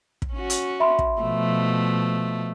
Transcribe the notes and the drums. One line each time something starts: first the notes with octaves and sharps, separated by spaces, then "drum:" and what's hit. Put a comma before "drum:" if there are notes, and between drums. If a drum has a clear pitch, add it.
drum: kick
C#4 F#4
drum: hi-hat
E5 B5 C6
drum: kick
B2 F3 A3